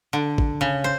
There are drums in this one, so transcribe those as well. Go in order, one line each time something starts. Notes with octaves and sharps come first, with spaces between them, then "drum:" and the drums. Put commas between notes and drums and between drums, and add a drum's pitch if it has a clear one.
D3
drum: kick
C#3
C5